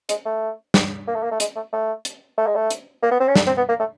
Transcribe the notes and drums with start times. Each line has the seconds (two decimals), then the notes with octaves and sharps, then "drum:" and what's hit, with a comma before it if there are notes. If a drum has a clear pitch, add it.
0.09 G#3, drum: hi-hat
0.26 A3
0.74 drum: snare
1.07 A#3
1.15 A3
1.23 A#3
1.31 A3
1.40 G#3, drum: hi-hat
1.56 A3
1.73 A3
2.05 drum: hi-hat
2.38 A3
2.47 G#3
2.56 A3
2.71 drum: hi-hat
3.03 A#3
3.11 B3
3.20 C4
3.28 C#4
3.36 D4, drum: snare
3.47 C4
3.57 B3
3.69 A#3
3.80 A3